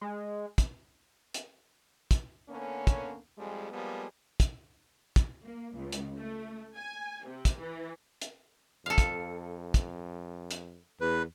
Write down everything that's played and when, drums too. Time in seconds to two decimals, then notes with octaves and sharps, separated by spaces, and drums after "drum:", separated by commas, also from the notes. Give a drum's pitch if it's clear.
0.01 G#3
0.58 drum: kick, hi-hat
1.34 drum: hi-hat
2.11 drum: kick, hi-hat
2.49 D3 A#3 B3 C#4
2.87 drum: kick, hi-hat
3.37 F2 G3 G#3
3.72 F3 G3 G#3 A#3 B3
4.40 drum: kick, hi-hat
5.16 drum: kick, hi-hat
5.44 A#3
5.75 C#2
5.92 drum: hi-hat
6.17 A3
6.77 G#5
7.27 C3
7.45 drum: kick, hi-hat
7.59 E3
8.22 drum: hi-hat
8.86 F2 A4 F5
8.98 drum: kick, hi-hat
9.74 drum: kick, hi-hat
10.51 drum: hi-hat
11.01 E2 B4